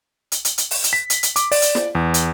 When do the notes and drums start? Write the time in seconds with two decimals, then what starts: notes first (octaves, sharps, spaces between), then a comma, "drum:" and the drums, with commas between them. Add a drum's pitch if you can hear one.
0.32 drum: hi-hat
0.45 drum: hi-hat
0.58 drum: hi-hat
0.71 drum: open hi-hat
0.84 drum: hi-hat
0.93 B6
1.10 drum: hi-hat
1.23 drum: hi-hat
1.36 D6, drum: hi-hat
1.52 D5, drum: open hi-hat
1.62 drum: hi-hat
1.75 drum: snare
1.95 E2
2.14 drum: hi-hat